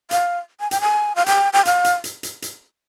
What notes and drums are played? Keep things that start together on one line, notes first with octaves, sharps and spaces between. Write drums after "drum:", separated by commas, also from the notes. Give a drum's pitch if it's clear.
F5, drum: hi-hat
G#5
G5, drum: hi-hat
G#5
F5
G5, drum: hi-hat
G5
F5, drum: hi-hat
drum: hi-hat
drum: hi-hat
drum: hi-hat
drum: hi-hat